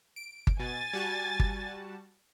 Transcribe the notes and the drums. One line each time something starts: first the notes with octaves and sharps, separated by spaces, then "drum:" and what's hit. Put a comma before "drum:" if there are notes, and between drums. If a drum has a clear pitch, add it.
D7
drum: kick G1
B2 G#5 A6
G3 F#4 A5
drum: kick G1